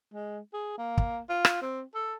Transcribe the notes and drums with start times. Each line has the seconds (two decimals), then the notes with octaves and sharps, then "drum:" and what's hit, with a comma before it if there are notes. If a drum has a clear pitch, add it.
0.14 G#3
0.53 G#4
0.78 A#3
0.98 drum: kick
1.29 F4
1.45 drum: rim click
1.62 C4
1.94 A4